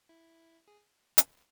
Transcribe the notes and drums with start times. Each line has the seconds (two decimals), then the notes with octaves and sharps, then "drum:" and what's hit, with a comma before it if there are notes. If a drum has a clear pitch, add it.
0.09 E4
0.68 G#4
1.18 drum: hi-hat